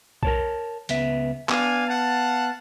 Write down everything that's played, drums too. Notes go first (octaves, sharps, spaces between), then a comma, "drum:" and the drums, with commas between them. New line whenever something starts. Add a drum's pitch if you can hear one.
A#4 C#5 A5, drum: kick
C#2 B3 E5, drum: hi-hat
B3 D4 F5 G#5, drum: clap
F5 F#5 A5